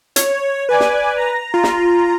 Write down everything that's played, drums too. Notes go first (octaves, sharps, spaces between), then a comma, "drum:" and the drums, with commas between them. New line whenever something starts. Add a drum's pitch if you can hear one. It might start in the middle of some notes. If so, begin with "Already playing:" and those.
C#5, drum: hi-hat
B4 D5 G#5
drum: snare
A#5
F4
drum: snare